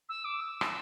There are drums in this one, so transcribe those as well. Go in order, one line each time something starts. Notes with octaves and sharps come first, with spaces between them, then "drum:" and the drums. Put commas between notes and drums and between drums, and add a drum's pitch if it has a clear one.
E6
D6
E6
drum: rim click